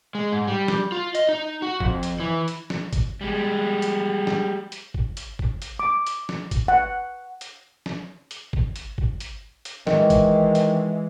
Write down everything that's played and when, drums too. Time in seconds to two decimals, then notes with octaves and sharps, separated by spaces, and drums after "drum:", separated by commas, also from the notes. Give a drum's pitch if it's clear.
0.15 G#3
0.32 G#2
0.47 G3
0.68 drum: snare
0.92 F4
1.15 D#5, drum: hi-hat
1.29 D#4
1.62 F#4
1.80 F2, drum: kick G1
2.03 drum: hi-hat
2.20 E3
2.48 drum: hi-hat
2.70 drum: snare
2.93 drum: kick G1, hi-hat
3.21 G3 G#3
3.82 drum: hi-hat
4.27 drum: snare
4.72 drum: hi-hat
4.94 drum: kick G1
5.17 drum: hi-hat
5.39 drum: kick G1
5.62 drum: hi-hat
5.80 D6
6.07 drum: hi-hat
6.29 drum: snare
6.51 drum: kick G1, hi-hat
6.68 F#5
7.41 drum: hi-hat
7.86 drum: snare
8.31 drum: hi-hat
8.53 drum: kick G1
8.76 drum: hi-hat
8.98 drum: kick G1
9.20 drum: hi-hat
9.65 drum: hi-hat
9.87 D#3 E3 G#3, drum: snare
10.10 drum: kick G1, hi-hat
10.55 drum: hi-hat